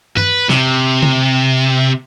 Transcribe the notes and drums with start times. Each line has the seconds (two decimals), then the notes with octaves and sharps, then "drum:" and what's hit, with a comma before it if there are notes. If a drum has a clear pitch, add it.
0.17 B4, drum: tom G2
0.49 C3, drum: snare
1.03 drum: tom C#3